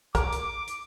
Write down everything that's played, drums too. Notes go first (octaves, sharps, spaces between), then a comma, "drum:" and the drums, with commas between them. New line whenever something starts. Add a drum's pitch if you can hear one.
A#4 D6, drum: kick, hi-hat
drum: hi-hat
drum: hi-hat